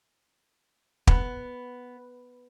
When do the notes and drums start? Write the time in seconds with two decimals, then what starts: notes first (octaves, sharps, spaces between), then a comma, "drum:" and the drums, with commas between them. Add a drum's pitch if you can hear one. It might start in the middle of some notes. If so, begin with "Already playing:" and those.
1.07 B3, drum: kick